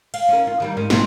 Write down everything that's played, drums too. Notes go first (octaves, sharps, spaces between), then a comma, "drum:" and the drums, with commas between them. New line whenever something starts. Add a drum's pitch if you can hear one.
F5, drum: cymbal
C#4 A#4
F4
D#3 G3 A#3
G#2 C#4
G#2 C3 F3, drum: snare